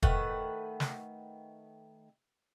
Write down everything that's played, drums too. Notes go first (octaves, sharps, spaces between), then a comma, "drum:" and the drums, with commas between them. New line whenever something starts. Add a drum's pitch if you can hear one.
D#3 A3 B4 F#5, drum: kick
drum: snare